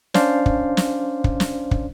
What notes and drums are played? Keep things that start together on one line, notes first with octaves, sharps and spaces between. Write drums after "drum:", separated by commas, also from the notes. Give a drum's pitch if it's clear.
C#4 D4 C5 D5 F5, drum: snare
drum: kick
drum: snare
drum: kick
drum: snare
drum: kick